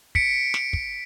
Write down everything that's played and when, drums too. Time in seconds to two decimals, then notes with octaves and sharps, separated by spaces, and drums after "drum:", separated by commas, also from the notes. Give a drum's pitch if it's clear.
0.15 B6 C#7 D7, drum: kick
0.54 drum: snare
0.73 drum: kick